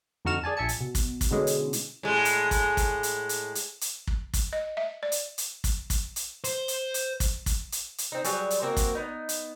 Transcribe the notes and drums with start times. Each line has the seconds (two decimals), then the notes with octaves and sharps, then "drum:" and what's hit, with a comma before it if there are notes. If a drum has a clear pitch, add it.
0.25 F2 D3 D#4 F#4 F6 E7
0.44 G#4 D5 G#5 A5
0.57 A#1 E5 G#5 A5 C#7
0.69 drum: hi-hat
0.81 B2
0.95 drum: kick, hi-hat
1.21 drum: kick, hi-hat
1.31 B2 D3 E3 G#3 C#4
1.47 drum: hi-hat
1.73 drum: hi-hat
2.03 A2 G#3
2.25 drum: hi-hat
2.51 drum: kick, hi-hat
2.77 drum: kick, hi-hat
3.03 drum: hi-hat
3.29 drum: hi-hat
3.55 drum: hi-hat
3.81 drum: hi-hat
4.07 drum: kick
4.33 drum: kick, hi-hat
4.53 D#5
4.77 E5
5.03 D5
5.12 drum: hi-hat
5.38 drum: hi-hat
5.64 drum: kick, hi-hat
5.90 drum: kick, hi-hat
6.16 drum: hi-hat
6.44 C5, drum: hi-hat
6.68 drum: hi-hat
6.94 drum: hi-hat
7.20 drum: kick, hi-hat
7.46 drum: kick, hi-hat
7.72 drum: hi-hat
7.98 drum: hi-hat
8.12 C4 D#4
8.24 F#3 G3 G#4 B4, drum: hi-hat
8.50 drum: hi-hat
8.62 A#3 C4 F#4 A#4
8.77 drum: kick, hi-hat
8.95 B3 D#4
9.29 drum: hi-hat